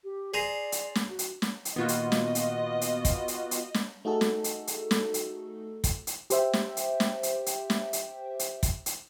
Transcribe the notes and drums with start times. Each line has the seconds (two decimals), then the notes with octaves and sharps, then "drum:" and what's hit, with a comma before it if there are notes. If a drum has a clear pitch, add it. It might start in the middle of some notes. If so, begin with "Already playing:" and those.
0.04 G4
0.34 G#4 C5 D5 A#5
0.72 drum: hi-hat
0.95 drum: snare
1.09 F#4
1.19 drum: hi-hat
1.42 drum: snare
1.65 drum: hi-hat
1.76 A#2 D#3 B3 F4 F#4 D#5
1.88 drum: hi-hat
2.12 drum: snare
2.35 drum: hi-hat
2.81 drum: hi-hat
3.05 drum: kick, hi-hat
3.28 drum: hi-hat
3.51 drum: hi-hat
3.74 drum: snare
4.05 A3 D#4 F#4 G#4 A4
4.21 drum: snare
4.44 drum: hi-hat
4.67 drum: hi-hat
4.91 drum: snare
5.14 drum: hi-hat
5.84 drum: kick, hi-hat
6.07 drum: hi-hat
6.30 G4 C5 E5 G5, drum: hi-hat
6.53 drum: snare
6.77 drum: hi-hat
7.00 drum: snare
7.23 drum: hi-hat
7.46 drum: hi-hat
7.70 drum: snare
7.93 drum: hi-hat
8.39 drum: hi-hat
8.63 drum: kick, hi-hat
8.86 drum: hi-hat